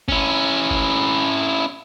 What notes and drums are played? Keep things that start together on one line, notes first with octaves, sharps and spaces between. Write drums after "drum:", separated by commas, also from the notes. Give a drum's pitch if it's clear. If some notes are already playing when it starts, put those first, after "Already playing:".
C#4 E4, drum: kick G1
drum: kick G1